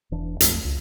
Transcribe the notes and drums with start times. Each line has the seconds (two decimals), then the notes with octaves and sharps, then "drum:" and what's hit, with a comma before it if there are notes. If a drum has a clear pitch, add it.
0.12 E1 E3 D4
0.40 A#1 F2 A3, drum: hi-hat
0.64 C#2